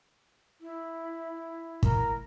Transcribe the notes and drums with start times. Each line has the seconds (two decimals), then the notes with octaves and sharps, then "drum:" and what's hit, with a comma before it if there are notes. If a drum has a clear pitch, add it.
0.61 E4
1.83 A#4, drum: kick